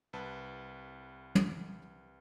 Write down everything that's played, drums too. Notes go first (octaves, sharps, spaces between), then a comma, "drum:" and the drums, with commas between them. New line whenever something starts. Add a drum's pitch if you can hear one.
C2 B4 A5
drum: tom